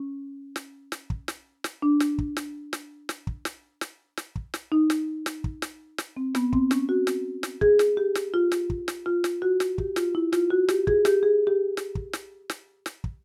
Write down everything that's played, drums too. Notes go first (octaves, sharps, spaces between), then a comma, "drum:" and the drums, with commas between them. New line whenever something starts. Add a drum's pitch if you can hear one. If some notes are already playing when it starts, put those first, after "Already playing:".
Already playing: C#4
drum: snare
drum: snare
drum: kick
drum: snare
drum: snare
D4
drum: snare
drum: kick
drum: snare
drum: snare
drum: snare
drum: kick
drum: snare
drum: snare
drum: snare
drum: kick
drum: snare
D#4
drum: snare
drum: snare
drum: kick
drum: snare
drum: snare
C4
B3, drum: snare
C4, drum: kick
C#4, drum: snare
F#4
drum: snare
drum: snare
G#4, drum: kick
drum: snare
G4
drum: snare
F4
drum: snare
drum: kick
drum: snare
F4
drum: snare
F#4
drum: snare
G4, drum: kick
F4, drum: snare
E4
F4, drum: snare
F#4
G4, drum: snare
G#4, drum: kick
G4, drum: snare
G#4
G4
drum: snare
drum: kick
drum: snare
drum: snare
drum: snare
drum: kick